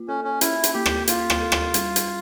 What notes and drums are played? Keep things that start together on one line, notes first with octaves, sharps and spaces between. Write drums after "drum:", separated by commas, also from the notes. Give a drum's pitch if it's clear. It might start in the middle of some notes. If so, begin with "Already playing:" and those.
Already playing: A#3 F4
C#4 A4
C#4
C#4 E4, drum: hi-hat
drum: hi-hat
A#3 G4
drum: rim click
A#3 F4, drum: hi-hat
drum: rim click
A4
drum: rim click
G3, drum: hi-hat
drum: hi-hat